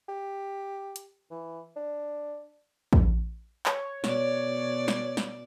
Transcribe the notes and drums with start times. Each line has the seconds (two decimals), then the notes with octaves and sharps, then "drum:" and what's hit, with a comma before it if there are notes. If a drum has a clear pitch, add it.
0.09 G4
0.96 drum: hi-hat
1.30 E3
1.76 D4
2.93 drum: kick
3.66 C#5, drum: clap
4.04 B2 D5, drum: snare
4.88 drum: snare
5.17 drum: snare